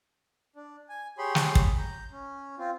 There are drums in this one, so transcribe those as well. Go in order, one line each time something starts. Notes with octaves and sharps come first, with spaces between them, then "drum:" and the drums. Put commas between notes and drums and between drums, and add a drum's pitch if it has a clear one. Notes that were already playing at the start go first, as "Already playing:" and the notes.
D4
G#5
G4 G#4 C#5 B5 C6
drum: snare
drum: kick
A#5 G6
C#4
C4 F4